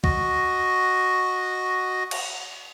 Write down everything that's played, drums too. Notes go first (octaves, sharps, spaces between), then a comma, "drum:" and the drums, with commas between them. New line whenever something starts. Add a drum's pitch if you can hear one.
F#4 D#5, drum: kick C#2
drum: cymbal